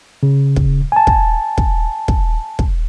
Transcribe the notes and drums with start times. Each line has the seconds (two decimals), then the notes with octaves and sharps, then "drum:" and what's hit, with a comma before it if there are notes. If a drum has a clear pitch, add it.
0.23 C#3
0.56 drum: kick
0.92 G#5 A5
1.07 drum: kick
1.58 drum: kick
2.08 drum: kick
2.59 drum: kick